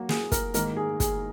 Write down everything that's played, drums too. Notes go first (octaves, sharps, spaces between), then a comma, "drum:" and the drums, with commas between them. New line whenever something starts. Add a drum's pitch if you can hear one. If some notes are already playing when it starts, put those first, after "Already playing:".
Already playing: F#3 A#3 F#4
G#4, drum: snare
A#4, drum: kick, hi-hat
G#2 D#3 A#3 A#4, drum: hi-hat
G#4
G#4, drum: kick, hi-hat